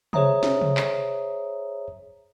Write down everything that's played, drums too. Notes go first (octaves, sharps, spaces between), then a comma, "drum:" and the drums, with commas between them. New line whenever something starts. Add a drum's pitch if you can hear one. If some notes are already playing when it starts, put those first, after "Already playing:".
G#4 C5 C#5 E5 A#5 D#6, drum: tom C3
drum: snare
drum: tom C3
drum: clap